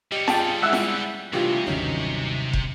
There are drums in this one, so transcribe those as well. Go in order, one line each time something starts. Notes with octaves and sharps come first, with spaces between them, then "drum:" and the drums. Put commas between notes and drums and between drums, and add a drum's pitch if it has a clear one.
G3 G4 C#5 D#5
F4 G#4 G5 A5 D6 B6, drum: snare F4
G#3 E4 E5 F#5 E6
drum: snare F4
A2 C3 E3 G3 D4 F4 G4
G1 D#2 F#3 C#4 D#4
drum: kick